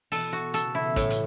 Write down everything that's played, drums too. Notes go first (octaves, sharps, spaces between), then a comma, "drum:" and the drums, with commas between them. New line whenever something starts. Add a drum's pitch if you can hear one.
B2 E3 A4, drum: open hi-hat
F#4
C#3 A4, drum: hi-hat
E4
A2, drum: kick, hi-hat
drum: hi-hat